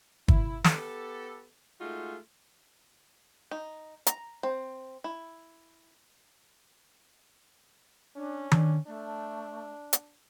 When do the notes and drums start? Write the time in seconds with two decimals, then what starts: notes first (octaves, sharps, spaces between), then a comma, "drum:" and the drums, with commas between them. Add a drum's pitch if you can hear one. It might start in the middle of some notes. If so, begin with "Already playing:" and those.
0.28 E4, drum: kick
0.64 B3 G4 A4, drum: snare
1.81 G#3 A3 D#4 F4 F#4
3.51 D#4
4.07 A#5, drum: hi-hat
4.43 C4
5.04 E4
8.16 C#4 D4
8.51 D4, drum: tom D#3
8.87 A3 D4
9.93 drum: hi-hat